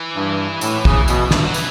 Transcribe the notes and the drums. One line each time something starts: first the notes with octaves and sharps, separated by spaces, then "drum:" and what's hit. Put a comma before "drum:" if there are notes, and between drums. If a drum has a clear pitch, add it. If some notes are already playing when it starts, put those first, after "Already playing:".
Already playing: E3
G2
A2, drum: tambourine
C#3, drum: kick
B2, drum: tambourine
G2, drum: snare
F#3
E3, drum: tambourine